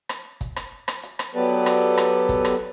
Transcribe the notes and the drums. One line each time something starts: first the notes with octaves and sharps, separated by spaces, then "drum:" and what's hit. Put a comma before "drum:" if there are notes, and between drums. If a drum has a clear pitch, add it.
drum: rim click
drum: kick, hi-hat
drum: rim click
drum: rim click
drum: hi-hat
drum: rim click
F#3 B3 G4 A4 B4 D5
drum: rim click
drum: rim click
drum: kick, hi-hat
drum: rim click